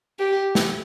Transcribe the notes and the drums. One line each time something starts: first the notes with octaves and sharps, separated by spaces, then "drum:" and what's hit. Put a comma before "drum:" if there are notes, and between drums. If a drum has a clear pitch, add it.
G4
drum: snare